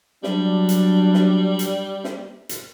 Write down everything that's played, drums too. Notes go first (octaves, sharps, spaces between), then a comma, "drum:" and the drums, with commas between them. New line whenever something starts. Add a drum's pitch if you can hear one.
F#3 G3 D4, drum: snare
drum: hi-hat
drum: snare
drum: hi-hat
drum: snare
drum: hi-hat